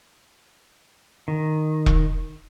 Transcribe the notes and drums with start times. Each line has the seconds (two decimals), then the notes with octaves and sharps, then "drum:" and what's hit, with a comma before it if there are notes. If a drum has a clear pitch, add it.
1.28 D#3
1.86 drum: kick E1